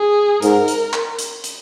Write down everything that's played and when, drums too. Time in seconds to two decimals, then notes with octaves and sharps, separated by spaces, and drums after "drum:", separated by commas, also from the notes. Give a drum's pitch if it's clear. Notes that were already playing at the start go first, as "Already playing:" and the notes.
Already playing: G#4
0.42 G#2 A#4, drum: hi-hat
0.68 drum: hi-hat
0.93 drum: clap
1.19 drum: hi-hat
1.44 drum: hi-hat